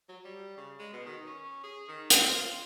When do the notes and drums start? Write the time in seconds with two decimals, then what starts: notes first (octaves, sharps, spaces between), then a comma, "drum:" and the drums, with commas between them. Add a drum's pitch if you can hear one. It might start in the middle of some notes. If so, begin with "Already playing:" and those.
0.09 F#3
0.25 G3
0.57 C#3
0.79 G#3
0.93 B2
1.06 D#3
1.26 C#4
1.64 G#4
1.88 D#3
2.10 C4, drum: hi-hat
2.29 F4